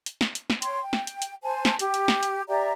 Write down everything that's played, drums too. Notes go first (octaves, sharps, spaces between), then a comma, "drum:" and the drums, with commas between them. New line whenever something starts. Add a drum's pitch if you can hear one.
drum: hi-hat
drum: snare
drum: hi-hat
drum: snare
C#5 G5 C6, drum: hi-hat
G5
drum: snare
drum: hi-hat
drum: hi-hat
C5 G#5 A5
drum: snare
G4, drum: hi-hat
drum: hi-hat
drum: snare
drum: hi-hat
G4 D5 E5 A#5